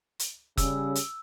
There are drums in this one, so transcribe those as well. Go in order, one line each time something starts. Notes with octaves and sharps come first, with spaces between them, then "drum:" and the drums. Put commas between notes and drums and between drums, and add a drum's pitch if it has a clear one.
drum: hi-hat
C#3 G3 E6, drum: kick F1, hi-hat
drum: hi-hat